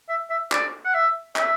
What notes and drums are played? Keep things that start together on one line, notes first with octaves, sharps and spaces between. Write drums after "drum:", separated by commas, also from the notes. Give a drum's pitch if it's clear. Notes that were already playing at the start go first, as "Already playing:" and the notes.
E5
E5
D5, drum: clap
F#5
E5
E5, drum: clap